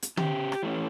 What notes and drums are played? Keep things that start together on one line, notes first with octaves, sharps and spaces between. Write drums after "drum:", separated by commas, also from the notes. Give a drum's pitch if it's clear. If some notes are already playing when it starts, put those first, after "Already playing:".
drum: hi-hat
C#3 G4, drum: tom
drum: rim click
E3 A3 C#4